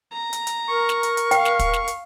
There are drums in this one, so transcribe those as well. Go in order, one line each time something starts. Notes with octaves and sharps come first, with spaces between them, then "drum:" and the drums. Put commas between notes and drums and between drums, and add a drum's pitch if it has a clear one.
A#5
drum: hi-hat
drum: hi-hat
A#4 C#6
drum: snare
drum: hi-hat
drum: hi-hat
F5 G5, drum: hi-hat
drum: snare
drum: kick, hi-hat
drum: snare
drum: hi-hat